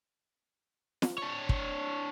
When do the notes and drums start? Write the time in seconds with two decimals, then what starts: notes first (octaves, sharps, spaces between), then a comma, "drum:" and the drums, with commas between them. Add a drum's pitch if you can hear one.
1.02 drum: snare
1.18 D4 C#5
1.49 drum: kick